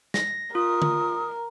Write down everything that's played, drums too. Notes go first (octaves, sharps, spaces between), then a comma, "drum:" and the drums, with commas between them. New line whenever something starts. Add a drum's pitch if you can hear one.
A#6, drum: snare
F4 A#4 D#6
drum: tom D3